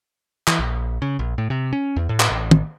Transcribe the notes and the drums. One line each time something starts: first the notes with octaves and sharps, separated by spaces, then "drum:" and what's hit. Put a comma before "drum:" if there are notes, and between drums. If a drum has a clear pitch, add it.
E3, drum: clap
A#1
C#3
A#1
A2
C3
C#4
E2
A2
drum: clap
A1
drum: tom